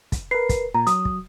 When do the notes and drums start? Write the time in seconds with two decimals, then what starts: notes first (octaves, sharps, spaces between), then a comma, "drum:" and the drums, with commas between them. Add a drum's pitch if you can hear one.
0.12 drum: kick, hi-hat
0.31 A#4 B4 C7
0.49 drum: kick, hi-hat
0.74 A#2 A#5
0.87 F#3 D#6, drum: hi-hat
1.05 drum: kick